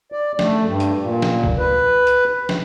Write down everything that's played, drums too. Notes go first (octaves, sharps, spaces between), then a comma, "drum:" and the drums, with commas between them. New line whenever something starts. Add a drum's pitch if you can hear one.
D5
A3, drum: snare
G2
drum: hi-hat
A#2
drum: snare
drum: kick C2
B4
drum: hi-hat
drum: snare